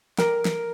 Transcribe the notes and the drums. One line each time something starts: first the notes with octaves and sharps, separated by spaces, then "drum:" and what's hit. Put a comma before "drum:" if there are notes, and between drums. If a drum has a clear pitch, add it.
A#4, drum: snare
drum: snare